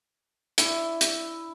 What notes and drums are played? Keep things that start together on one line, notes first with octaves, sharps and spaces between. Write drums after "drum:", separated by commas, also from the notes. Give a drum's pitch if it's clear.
D4 E4, drum: hi-hat
drum: hi-hat